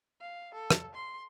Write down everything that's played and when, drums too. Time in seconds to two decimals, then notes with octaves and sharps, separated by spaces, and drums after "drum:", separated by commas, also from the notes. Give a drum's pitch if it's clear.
0.21 F5
0.54 A4
0.71 drum: rim click
0.95 C6